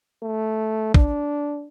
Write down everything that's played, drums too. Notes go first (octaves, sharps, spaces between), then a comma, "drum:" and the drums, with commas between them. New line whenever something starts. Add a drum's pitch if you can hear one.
A3
D4, drum: kick